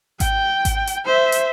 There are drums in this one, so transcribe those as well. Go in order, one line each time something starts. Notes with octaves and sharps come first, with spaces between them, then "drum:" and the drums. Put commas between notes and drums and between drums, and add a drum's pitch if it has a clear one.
G5, drum: kick G#1, hi-hat
drum: kick G#1, hi-hat
drum: hi-hat
C5 E5
drum: hi-hat